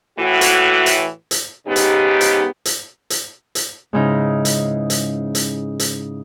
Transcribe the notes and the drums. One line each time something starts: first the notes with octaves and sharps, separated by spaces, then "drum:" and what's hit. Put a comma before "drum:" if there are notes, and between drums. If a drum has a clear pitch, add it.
A2 E3 F#4
drum: hi-hat
drum: hi-hat
drum: hi-hat
G#2 C#3 B3 D#4 G4
drum: hi-hat
drum: hi-hat
drum: hi-hat
drum: hi-hat
drum: hi-hat
G#2 C#3 D#4 E4
drum: hi-hat
drum: hi-hat
drum: hi-hat
drum: hi-hat